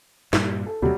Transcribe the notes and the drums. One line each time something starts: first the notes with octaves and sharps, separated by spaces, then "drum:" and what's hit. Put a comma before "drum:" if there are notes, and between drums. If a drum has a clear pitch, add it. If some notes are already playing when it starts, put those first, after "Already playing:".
G2 A#2 G3, drum: snare
A4
D#2 C3 F#3 G3